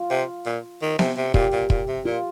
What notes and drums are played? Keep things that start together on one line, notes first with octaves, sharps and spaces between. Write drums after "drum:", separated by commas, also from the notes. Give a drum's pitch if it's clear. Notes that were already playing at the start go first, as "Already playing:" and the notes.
Already playing: F4
C3
A#2
D#3
C3, drum: snare B3
C3
A#2 G4, drum: kick
A#2
A#2, drum: kick
C3
A#2 F4